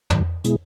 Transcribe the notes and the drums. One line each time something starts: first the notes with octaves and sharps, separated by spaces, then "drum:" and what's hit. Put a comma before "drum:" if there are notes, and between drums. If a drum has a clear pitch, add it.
G#2 D#3 F#3, drum: tom
B2 G#3 B3 E4 G#4, drum: hi-hat